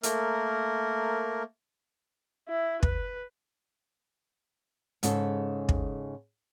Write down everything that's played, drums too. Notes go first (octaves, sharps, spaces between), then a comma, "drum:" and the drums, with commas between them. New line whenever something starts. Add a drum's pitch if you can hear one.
A3 A#3 A#4, drum: hi-hat
E4
B4, drum: kick
G#2 C#3 A4, drum: hi-hat
drum: kick